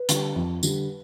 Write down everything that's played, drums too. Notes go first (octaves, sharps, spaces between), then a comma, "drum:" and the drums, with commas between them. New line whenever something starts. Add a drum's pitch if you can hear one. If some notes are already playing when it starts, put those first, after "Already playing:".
Already playing: B4
D3 G3, drum: hi-hat
F2
D3 G3, drum: tambourine